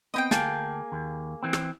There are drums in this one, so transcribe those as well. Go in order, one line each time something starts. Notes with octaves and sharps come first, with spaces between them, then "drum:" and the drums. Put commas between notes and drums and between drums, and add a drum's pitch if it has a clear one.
B3 C4 D#5 E5 G5
D2 A#3 G#4 G5 A5, drum: snare
D#2
E3 C4
drum: rim click